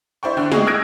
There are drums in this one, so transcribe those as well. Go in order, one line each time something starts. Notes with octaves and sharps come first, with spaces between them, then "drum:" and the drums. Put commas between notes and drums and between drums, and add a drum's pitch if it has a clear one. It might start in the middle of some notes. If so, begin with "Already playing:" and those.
E4 C5 D5 G5 C#6
D3 D4 G5 F#6
G#4 D#5 C#6 D#6, drum: snare
D#6 E6 F#6 G#6 A#6 D7